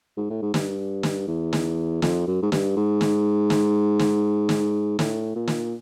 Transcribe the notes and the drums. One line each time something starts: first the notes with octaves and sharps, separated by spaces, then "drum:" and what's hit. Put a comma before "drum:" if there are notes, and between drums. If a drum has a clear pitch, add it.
G#2
A2
G#2
G2, drum: snare
drum: snare
E2
drum: snare
F2, drum: snare
F#2
G#2
G2, drum: snare
G#2
drum: snare
drum: snare
drum: snare
drum: snare
A2, drum: snare
A#2
drum: snare